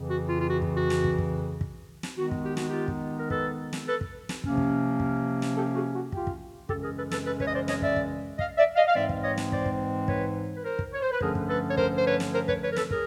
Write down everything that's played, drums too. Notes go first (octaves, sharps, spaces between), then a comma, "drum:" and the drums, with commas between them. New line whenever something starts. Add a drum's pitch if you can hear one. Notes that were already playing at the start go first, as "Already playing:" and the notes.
Already playing: F2 C#3 E3
F#4
F4
F4
F#4
drum: kick
F#4
drum: snare
drum: kick
drum: kick
drum: kick
drum: snare
D#3 G#3 B3 D#4 F#4
drum: kick
G4
F#4, drum: snare
F4 G4
drum: kick
A#4
A4 B4, drum: kick
drum: snare
A4 B4
drum: kick
drum: snare
C3 F3 A#3 C#4, drum: kick
drum: kick
drum: kick
drum: snare
G4 A4
F#4 G#4
F#4
F4 G4, drum: kick
drum: kick
F#2 C#3 E3 G#3 C#4 G4 A4, drum: kick
G#4 A#4
A4 B4
A4 B4, drum: snare
A4 B4
B4 C#5, drum: kick
D#5
C5 D5
C#5 D#5, drum: snare
D5 E5, drum: kick
drum: kick
D#5 F5, drum: kick
D5 E5
D#5 F5
F5
G#2 E3 G#3 C4 D5 E5
drum: kick
C#5 D#5
drum: snare
C5 D5, drum: kick
drum: kick
B4 C#5, drum: kick
B4
A#4 C5
drum: kick
C#5
C5
B4
G2 D3 F3 A3 C#4 G#4 A#4, drum: kick
drum: kick
A4 B4
C#5
A#4 C5, drum: kick
C5
B4 C#5
drum: snare
A#4 C5
B4 C#5, drum: kick
B4 C#5
A#4
A4 B4, drum: snare
G#4 A#4, drum: kick